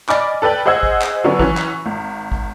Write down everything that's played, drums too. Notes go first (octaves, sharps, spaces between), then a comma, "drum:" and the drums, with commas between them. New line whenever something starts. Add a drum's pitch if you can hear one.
D5 D#5 G#5 B5 D6 F6, drum: clap
A4 B4 D5 G5 F#7
G#4 C5 D#5 F#5 E6 G#6
drum: kick
drum: clap
D3 F#3 B3 C#4
E3 F#3 C#4, drum: kick
drum: clap
G#1
drum: kick